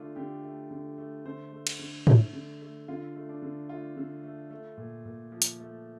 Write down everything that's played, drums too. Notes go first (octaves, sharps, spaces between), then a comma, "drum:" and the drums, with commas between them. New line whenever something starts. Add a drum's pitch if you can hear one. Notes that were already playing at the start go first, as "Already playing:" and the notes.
Already playing: D3 A3 D4 F4
D3 G4
A3
D3
A3
D3 C5
A3
drum: cymbal
D3
A3, drum: tom G#2
D3
A3
D3 F4
A3
D4
D3
A3 F4
D3
A3
A3
A#2
A#2
F3
drum: hi-hat
A3